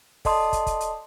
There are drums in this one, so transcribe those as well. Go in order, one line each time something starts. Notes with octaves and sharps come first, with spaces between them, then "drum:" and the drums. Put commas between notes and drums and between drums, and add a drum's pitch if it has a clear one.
A4 D5 D#5 A5 C6 D#6, drum: kick, open hi-hat
drum: kick, hi-hat
drum: kick, hi-hat
drum: hi-hat